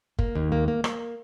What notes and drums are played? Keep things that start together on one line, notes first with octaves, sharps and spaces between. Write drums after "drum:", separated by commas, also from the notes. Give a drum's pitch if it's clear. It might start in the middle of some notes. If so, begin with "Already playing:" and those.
A#3, drum: kick
D#2
A#3
A#3
A#3, drum: rim click